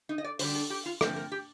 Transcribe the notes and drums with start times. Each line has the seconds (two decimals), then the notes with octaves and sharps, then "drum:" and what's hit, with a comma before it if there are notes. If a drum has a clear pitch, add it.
0.09 D#4
0.18 D#5
0.24 D5
0.39 D3 G3 D4 C5, drum: open hi-hat
0.55 A4
0.70 G4
0.86 F4
1.01 D3 F3 A3 C4 A#4, drum: rim click
1.16 A#4
1.32 G4